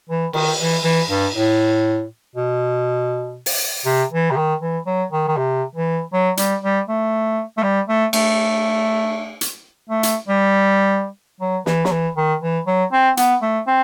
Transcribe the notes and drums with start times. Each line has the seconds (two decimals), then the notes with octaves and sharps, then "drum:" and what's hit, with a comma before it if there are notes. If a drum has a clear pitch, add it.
0.09 E3
0.33 D#3, drum: cymbal
0.60 E3
0.84 E3
1.10 G2
1.34 A2
2.35 B2
3.46 drum: open hi-hat
3.85 C3
4.11 E3
4.31 C3
4.36 D#3
4.61 E3
4.86 F#3
5.12 D#3
5.28 D#3
5.37 C3
5.75 E3
6.13 F#3
6.37 G3, drum: hi-hat
6.63 G3
6.88 A3
7.57 A3
7.63 G3
7.88 A3
8.13 A3, drum: cymbal
9.41 drum: hi-hat
9.89 A3
10.03 drum: hi-hat
10.28 G3
11.40 F#3
11.66 E3, drum: snare
11.85 F#3, drum: snare
11.91 E3
12.17 D#3
12.42 E3
12.67 F#3
12.92 C4
13.17 B3, drum: hi-hat
13.42 A3
13.67 C4